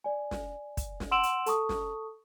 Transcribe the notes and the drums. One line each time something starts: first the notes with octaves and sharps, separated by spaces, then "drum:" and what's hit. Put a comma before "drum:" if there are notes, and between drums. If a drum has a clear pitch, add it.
D5 G#5
drum: snare
drum: kick, hi-hat
drum: snare
F#5 C6 E6 D7 E7 F#7
drum: hi-hat
A4 A5 C#6 D#6, drum: hi-hat
drum: snare